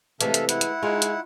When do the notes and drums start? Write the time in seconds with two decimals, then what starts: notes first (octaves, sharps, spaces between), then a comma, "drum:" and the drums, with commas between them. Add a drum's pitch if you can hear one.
0.21 C3 E3 G#3 A3 A4 E5 F5, drum: hi-hat
0.34 drum: hi-hat
0.49 E4 F#5, drum: hi-hat
0.61 drum: hi-hat
0.83 G#3 D#4 F4
1.02 drum: hi-hat